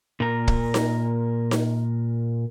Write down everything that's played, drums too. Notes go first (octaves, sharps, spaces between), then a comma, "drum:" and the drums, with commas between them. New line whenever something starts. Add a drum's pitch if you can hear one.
A#2 A#4
drum: kick
drum: snare D#4
drum: snare D#4